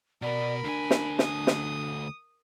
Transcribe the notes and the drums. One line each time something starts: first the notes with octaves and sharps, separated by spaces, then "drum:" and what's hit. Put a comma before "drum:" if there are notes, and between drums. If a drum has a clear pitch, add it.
B2 A#4 D5 B5
D2 D4 G#5
drum: snare
D#6, drum: snare
drum: snare